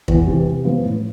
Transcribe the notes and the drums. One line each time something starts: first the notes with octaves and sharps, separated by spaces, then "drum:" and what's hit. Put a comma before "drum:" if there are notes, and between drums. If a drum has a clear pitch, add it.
E2, drum: kick
C3 E3
C3
F3 B3 F4
A2